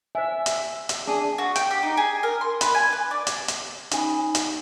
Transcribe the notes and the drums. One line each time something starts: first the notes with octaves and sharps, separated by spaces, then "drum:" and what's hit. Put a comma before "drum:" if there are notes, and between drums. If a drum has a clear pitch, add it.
C5 D#5 E5 G#5
drum: hi-hat
drum: hi-hat
D4 G#4
F#4
G5, drum: hi-hat
G4
D#4
G#4
A#4
C6
B4, drum: hi-hat
G#5
B4
D5
drum: hi-hat
drum: hi-hat
C#4 D#4 G#5 B5, drum: hi-hat
drum: hi-hat